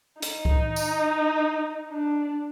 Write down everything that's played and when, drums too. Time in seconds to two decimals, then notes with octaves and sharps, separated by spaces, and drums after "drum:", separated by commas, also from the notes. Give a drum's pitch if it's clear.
0.22 D#4, drum: hi-hat
0.45 drum: kick C2
0.76 drum: tambourine
1.88 D4